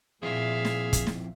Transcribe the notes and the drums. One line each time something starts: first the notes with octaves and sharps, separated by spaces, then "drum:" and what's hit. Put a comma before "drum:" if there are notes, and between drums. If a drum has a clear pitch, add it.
A#2 F3 C4 E4 G#4 E5 F5
drum: snare
drum: kick, hi-hat
drum: snare